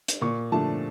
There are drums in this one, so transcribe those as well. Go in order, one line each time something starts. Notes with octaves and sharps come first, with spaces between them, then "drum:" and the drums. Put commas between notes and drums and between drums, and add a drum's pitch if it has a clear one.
drum: hi-hat
A#2 C#6
F3 A3 D4 A5